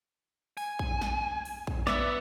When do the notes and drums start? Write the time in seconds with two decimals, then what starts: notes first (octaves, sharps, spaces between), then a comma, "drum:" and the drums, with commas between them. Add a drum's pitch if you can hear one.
0.57 G#5, drum: open hi-hat
0.79 drum: kick A#1
1.01 drum: snare
1.45 drum: open hi-hat
1.67 drum: kick A#1
1.87 B3 D5 E5, drum: snare